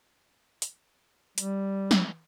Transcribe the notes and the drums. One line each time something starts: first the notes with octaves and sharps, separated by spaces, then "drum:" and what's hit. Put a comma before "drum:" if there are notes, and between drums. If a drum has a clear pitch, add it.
drum: hi-hat
G3, drum: hi-hat
drum: snare